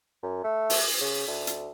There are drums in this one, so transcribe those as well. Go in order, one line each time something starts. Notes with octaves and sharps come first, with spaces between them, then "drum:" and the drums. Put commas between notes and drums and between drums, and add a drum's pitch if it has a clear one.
F#2
A3
drum: open hi-hat
C#3
D2
drum: hi-hat